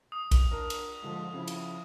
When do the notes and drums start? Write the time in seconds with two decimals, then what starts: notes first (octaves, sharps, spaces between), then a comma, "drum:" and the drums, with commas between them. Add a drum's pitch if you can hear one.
0.12 D#6
0.31 drum: kick A#1, cymbal
0.51 D4 A#4
0.70 drum: cymbal
1.03 G#2 D3 F3
1.34 C#3 F3 E4
1.48 drum: cymbal